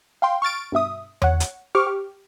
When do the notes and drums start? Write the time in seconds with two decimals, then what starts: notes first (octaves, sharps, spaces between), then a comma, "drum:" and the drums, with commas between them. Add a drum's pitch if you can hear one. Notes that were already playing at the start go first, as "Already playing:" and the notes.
0.22 F5 G5 C6
0.42 C#6 F6 A6 D7
0.72 G2 B2 E5 D#6
1.22 C#5 F#5, drum: tom E2
1.40 drum: hi-hat
1.75 G4 C5 C#6 D6 F6
1.87 G4